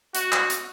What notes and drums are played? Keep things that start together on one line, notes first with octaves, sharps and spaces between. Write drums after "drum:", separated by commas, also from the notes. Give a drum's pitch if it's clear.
F#4, drum: hi-hat
drum: clap
drum: hi-hat